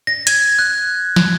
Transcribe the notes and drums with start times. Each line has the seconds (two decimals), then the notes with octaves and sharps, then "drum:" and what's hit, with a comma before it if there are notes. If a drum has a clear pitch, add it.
0.07 A#6
0.27 G#6, drum: hi-hat
0.59 F#6
1.16 drum: snare